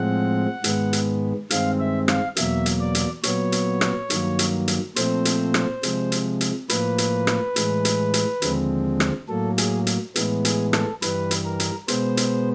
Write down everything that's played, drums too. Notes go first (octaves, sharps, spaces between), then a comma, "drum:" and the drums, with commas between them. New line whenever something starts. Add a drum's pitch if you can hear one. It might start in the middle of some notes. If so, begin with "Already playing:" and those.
Already playing: A2 F3 G#3 C4 F#5
G#2 D#3 G#3 B3, drum: hi-hat
drum: hi-hat
G2 D#3 G#3 C4 F5, drum: hi-hat
E5
F5, drum: rim click
E2 B2 F#3 A#3 E5, drum: hi-hat
drum: hi-hat
D5
drum: hi-hat
A#2 F#3 B3 C#5, drum: hi-hat
drum: hi-hat
drum: rim click
G2 D#3 F#3 A#3, drum: hi-hat
drum: hi-hat
drum: hi-hat
A#2 F3 A3 C4 C5, drum: hi-hat
drum: hi-hat
drum: rim click
C3 F3 G#3, drum: hi-hat
drum: hi-hat
drum: hi-hat
A2 F3 A#3 B4, drum: hi-hat
drum: hi-hat
drum: rim click
A2 E3 G#3, drum: hi-hat
drum: hi-hat
drum: hi-hat
D#2 D3 F3 G#3 C4, drum: hi-hat
drum: rim click
A2 F#3 A#3 A4
G#4, drum: hi-hat
drum: hi-hat
A2 E3 G#3 B3, drum: hi-hat
G#4, drum: hi-hat
A4, drum: rim click
G2 E3 G3 B4, drum: hi-hat
drum: hi-hat
A#4
drum: hi-hat
B2 G#3 B3 C5, drum: hi-hat
drum: hi-hat